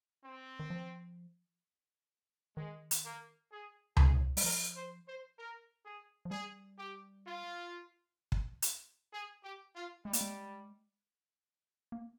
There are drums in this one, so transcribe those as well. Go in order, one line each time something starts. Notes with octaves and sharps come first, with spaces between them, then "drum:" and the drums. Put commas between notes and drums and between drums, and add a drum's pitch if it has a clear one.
C4
D#3
F3
D#3 G#3
drum: hi-hat
A#3
G#4
G#4, drum: tom C#2
G3, drum: open hi-hat
F3 A#4
C5
C5
A#4
G#4
F3
G3 G#4
G4
F4
drum: kick
drum: hi-hat
G#4
G4
F4
G3 G#3
A#3, drum: hi-hat
G#3
A#3